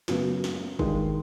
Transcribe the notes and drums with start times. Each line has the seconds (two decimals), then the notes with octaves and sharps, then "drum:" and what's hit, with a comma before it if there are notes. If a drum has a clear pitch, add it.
0.08 F#2 C#3 F#3 B3, drum: snare
0.44 drum: snare
0.79 G2 D#3 G#3, drum: kick